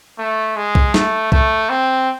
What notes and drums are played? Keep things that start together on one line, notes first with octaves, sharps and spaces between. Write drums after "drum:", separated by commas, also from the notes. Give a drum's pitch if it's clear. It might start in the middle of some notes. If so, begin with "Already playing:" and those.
A3
G#3
drum: kick
A3, drum: snare
A3, drum: kick
C4